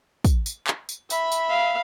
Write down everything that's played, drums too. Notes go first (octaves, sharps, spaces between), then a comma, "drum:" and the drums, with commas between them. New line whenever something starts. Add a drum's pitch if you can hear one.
drum: kick, tambourine
drum: tambourine
drum: clap
drum: tambourine
E5 B5, drum: tambourine
drum: tambourine
F5